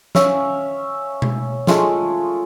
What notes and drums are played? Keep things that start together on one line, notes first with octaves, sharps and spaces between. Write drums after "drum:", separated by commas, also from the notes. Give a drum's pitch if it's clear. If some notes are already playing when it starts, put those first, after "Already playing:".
C#4 E5 F5 C#6, drum: snare
drum: tom B2
G#3 A3 F4 G#4, drum: snare